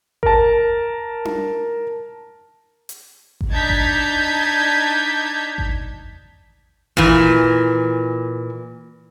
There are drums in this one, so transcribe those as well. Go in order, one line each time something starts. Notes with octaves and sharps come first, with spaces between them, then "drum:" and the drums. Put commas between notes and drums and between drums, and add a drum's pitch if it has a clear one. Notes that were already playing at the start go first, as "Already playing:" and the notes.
A#4 A5, drum: kick G#1
drum: tom D4
drum: hi-hat
drum: kick G#1
D4 D#4 A5 G6 G#6 B6
drum: kick G#1
drum: kick G#1
A#2 E3, drum: kick G#1